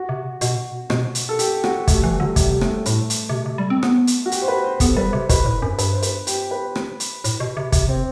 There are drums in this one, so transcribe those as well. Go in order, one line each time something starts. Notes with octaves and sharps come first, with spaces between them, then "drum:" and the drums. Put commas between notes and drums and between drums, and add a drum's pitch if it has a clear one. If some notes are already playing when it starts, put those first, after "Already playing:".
Already playing: F#4
C3
B2 F#4, drum: hi-hat
B2, drum: rim click
drum: hi-hat
A4
G4, drum: hi-hat
F#4, drum: rim click
C3 A3, drum: kick, hi-hat
E3 G3
D3 F#3
C3 G3, drum: kick, hi-hat
G3
A3, drum: rim click
A2 A3, drum: hi-hat
drum: hi-hat
C3
B2
C3
G3
C4
B3, drum: rim click
drum: hi-hat
F#4
G4, drum: hi-hat
C5
B4
C5
B3 A4, drum: kick, hi-hat
G3 B4
C3 C5
B2 B4, drum: kick, hi-hat
A2
F#2
G2 B4, drum: hi-hat
C5
B4, drum: hi-hat
G4, drum: hi-hat
B4
drum: rim click
drum: hi-hat
A2, drum: hi-hat
B2
C3
C3, drum: kick, hi-hat
C4